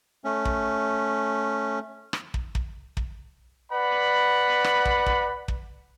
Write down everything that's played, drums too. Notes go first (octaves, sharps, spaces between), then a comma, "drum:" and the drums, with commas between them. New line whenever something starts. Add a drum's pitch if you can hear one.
A3 C#4
drum: kick
drum: rim click
drum: kick
drum: kick
drum: kick
B4 D5 F#5 B5
drum: rim click
drum: kick
drum: kick
drum: kick